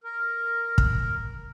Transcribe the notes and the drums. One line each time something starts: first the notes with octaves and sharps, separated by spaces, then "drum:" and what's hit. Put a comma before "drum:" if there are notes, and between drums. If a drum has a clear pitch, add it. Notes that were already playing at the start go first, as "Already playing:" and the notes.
A#4
drum: kick